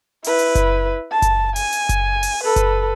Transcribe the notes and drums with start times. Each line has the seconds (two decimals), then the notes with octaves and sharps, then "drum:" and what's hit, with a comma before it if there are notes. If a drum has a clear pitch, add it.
0.24 E4 B4, drum: open hi-hat
0.39 drum: hi-hat
0.55 drum: kick F#1, hi-hat
1.11 A5
1.22 drum: kick F#1, hi-hat
1.56 G#5, drum: open hi-hat
1.72 drum: hi-hat
1.89 drum: kick F#1, hi-hat
2.23 drum: open hi-hat
2.44 A4 B4
2.56 drum: kick F#1, hi-hat